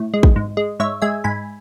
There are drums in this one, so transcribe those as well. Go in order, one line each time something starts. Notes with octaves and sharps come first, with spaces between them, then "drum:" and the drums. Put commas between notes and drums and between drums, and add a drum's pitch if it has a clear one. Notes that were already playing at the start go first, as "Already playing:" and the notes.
Already playing: A2
G#3
drum: kick
G#2
G#3
G#2 C#5 E5
G#3 E5 G#5
G#2 G#5 B5